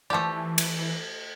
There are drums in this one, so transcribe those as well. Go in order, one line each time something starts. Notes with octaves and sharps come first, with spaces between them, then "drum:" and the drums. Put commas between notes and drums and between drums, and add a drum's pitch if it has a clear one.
E3 F3 A3 G4 D5
drum: cymbal